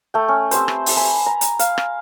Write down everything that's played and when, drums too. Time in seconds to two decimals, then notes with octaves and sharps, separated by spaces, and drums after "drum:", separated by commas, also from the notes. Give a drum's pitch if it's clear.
0.14 A3 G5
0.28 C#4
0.51 C4 G4 B4 C5, drum: hi-hat
0.68 drum: rim click
0.86 drum: open hi-hat
0.96 G#5 A5 B5
1.26 A#5
1.41 drum: hi-hat
1.59 F5, drum: hi-hat
1.78 drum: rim click